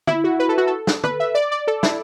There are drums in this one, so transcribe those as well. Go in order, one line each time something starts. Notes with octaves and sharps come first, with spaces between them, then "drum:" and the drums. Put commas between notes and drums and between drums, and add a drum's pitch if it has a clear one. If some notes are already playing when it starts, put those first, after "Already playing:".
E4, drum: tom
F#4
B4
A4
F#4
A4
drum: snare
B4, drum: tom
E5
D5
D5
A4
E4, drum: snare